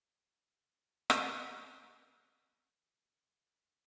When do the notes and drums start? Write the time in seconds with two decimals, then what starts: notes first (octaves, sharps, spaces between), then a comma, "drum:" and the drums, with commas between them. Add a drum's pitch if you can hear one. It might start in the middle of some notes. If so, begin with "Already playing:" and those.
0.15 E3 G#3 B3 E4 G4
1.10 drum: rim click
2.94 B3
3.46 F#3